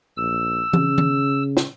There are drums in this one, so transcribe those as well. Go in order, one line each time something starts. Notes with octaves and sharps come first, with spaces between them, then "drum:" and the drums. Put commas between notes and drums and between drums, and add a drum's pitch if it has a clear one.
A#1 E6
C#3, drum: tom E3
drum: tom D#3
drum: snare